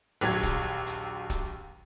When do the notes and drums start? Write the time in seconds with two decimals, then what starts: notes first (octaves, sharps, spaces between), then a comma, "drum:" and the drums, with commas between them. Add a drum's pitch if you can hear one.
0.21 A#1 D#2 F#3 G#6
0.43 drum: kick, hi-hat
0.86 drum: hi-hat
1.30 drum: kick, hi-hat